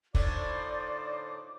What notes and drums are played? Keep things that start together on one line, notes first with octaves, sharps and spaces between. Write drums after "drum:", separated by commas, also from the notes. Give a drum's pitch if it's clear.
A2 D3 A3 D#4 F4 C5 D5 D6, drum: kick